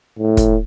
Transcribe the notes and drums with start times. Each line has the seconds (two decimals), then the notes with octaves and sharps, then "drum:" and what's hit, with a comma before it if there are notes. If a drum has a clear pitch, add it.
0.19 A2
0.37 drum: kick, hi-hat